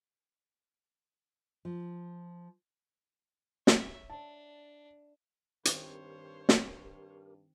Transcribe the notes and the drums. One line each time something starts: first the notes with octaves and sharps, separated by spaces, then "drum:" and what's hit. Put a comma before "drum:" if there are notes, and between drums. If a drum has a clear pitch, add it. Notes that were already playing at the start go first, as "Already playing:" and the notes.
F3
C#5 E5, drum: snare
D4 A5
G2 D#3 C4 G4 A#4 C5 C#5, drum: hi-hat
drum: snare